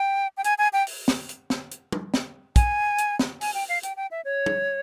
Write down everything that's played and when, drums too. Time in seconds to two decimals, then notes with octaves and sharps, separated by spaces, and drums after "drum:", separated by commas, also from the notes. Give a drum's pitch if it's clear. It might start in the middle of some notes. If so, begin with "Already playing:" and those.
Already playing: G5
0.37 G5
0.44 G#5, drum: hi-hat
0.58 G#5
0.73 G5
0.87 drum: open hi-hat
1.08 drum: snare
1.29 drum: hi-hat
1.50 drum: snare
1.71 drum: hi-hat
1.92 drum: tom
2.14 drum: snare
2.56 G#5, drum: kick, hi-hat
2.98 drum: hi-hat
3.19 drum: snare
3.41 G#5, drum: open hi-hat
3.54 G5
3.69 F5
3.83 G5, drum: hi-hat
3.97 G5
4.11 E5
4.25 C#5
4.46 drum: tom